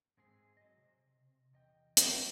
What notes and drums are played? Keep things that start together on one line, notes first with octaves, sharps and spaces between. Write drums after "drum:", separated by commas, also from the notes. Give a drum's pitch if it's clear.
G#2 G#3 C4 G#4
F#3 D#5
C3
E2 D#5 G5
drum: hi-hat